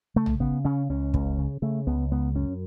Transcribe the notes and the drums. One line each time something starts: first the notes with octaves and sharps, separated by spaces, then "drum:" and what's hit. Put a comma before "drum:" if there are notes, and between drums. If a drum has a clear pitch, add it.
C#3 A3
drum: tom A1
C#3 B3
C#3 C#4
C#2 C#4
C#2, drum: kick
C#3
C#3 A3
C#2 B3
C#2 B3
F#2 C#4